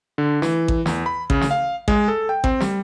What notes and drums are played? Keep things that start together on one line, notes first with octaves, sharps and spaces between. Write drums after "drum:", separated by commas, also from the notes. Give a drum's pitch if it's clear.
D3
E3, drum: snare
drum: kick A1
E2, drum: snare
B5
C#3, drum: kick A1
drum: snare
F5
G#3, drum: kick A1
A4
G5
C4, drum: kick A1
G3, drum: snare